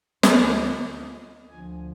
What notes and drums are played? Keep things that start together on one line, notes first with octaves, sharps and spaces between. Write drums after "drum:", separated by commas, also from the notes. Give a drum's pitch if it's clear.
D2 D3 F3 C4 F4 C5, drum: snare
D5
D#5
D2 D3 F3 G#5